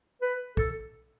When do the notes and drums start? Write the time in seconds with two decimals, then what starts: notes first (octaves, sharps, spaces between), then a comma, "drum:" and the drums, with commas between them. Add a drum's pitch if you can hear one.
0.22 B4
0.57 A4, drum: kick